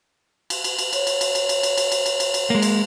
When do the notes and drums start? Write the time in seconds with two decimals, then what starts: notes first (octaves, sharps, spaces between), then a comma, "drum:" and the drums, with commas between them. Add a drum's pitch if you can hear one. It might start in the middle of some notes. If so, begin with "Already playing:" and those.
0.50 drum: cymbal
0.64 drum: cymbal
0.79 drum: cymbal
0.93 C#5, drum: cymbal
1.07 drum: cymbal
1.21 drum: cymbal
1.35 drum: cymbal
1.49 drum: cymbal
1.63 drum: cymbal
1.78 drum: cymbal
1.92 drum: cymbal
2.06 drum: cymbal
2.20 drum: cymbal
2.34 drum: cymbal
2.50 G#3 A#3
2.62 drum: cymbal